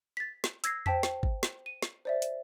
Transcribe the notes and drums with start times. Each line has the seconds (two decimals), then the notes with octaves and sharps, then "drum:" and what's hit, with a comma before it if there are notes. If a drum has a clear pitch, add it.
0.17 A6 B6
0.44 drum: snare
0.64 E6 G#6 A#6 C7, drum: hi-hat
0.86 C5 G5 A5 B6, drum: tom E2
1.03 drum: snare
1.23 drum: kick
1.43 drum: snare
1.66 D#7
1.82 drum: snare
2.05 C5 D5 E5
2.22 drum: hi-hat